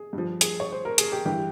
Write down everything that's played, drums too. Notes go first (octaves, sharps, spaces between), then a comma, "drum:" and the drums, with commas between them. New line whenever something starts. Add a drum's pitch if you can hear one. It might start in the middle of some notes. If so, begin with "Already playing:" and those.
Already playing: G#4
G2 F3
G#4, drum: hi-hat
C#5
C5
A#4
G#4, drum: hi-hat
G4
G2 E3 G4